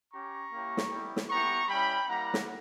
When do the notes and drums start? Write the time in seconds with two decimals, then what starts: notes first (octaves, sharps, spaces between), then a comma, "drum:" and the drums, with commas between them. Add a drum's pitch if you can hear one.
0.12 C#4 G4 A#5 C#6
0.51 A#3 C#4 E4 G4
0.77 drum: snare
0.90 G3 B3 E4 G4
1.16 drum: snare
1.29 B3 E4 G4 A#5 C#6
1.69 G3 C#4 E4 G5 B5
2.08 G3 A#3 E4 F#5 A#5
2.34 drum: snare